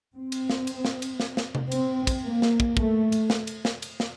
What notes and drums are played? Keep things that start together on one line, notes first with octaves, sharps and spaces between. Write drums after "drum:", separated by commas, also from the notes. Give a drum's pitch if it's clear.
C4
drum: cymbal
drum: snare
drum: cymbal
drum: snare
drum: cymbal
drum: snare
drum: snare
drum: tom C3
C4, drum: cymbal
drum: kick, cymbal
A#3
drum: snare
drum: kick
A3, drum: kick
drum: cymbal
drum: snare
drum: cymbal
drum: snare
drum: cymbal
drum: snare